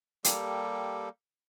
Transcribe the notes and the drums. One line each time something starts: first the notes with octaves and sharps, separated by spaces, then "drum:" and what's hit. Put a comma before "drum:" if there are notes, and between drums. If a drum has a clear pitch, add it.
G3 A#3 G4 A4, drum: hi-hat